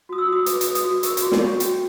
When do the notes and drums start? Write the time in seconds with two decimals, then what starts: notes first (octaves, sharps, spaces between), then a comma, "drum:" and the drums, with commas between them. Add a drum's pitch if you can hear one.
0.09 F#4 D#6
0.18 E6
0.27 F#4
0.33 D#6
0.46 B4 D6, drum: hi-hat
0.61 B4 D#6, drum: hi-hat
0.75 D#6, drum: hi-hat
0.84 F#4
1.03 A#4 C#6, drum: hi-hat
1.17 D6, drum: hi-hat
1.22 F#4
1.32 D6, drum: snare
1.41 C#5 C#6
1.60 F#4 G5, drum: hi-hat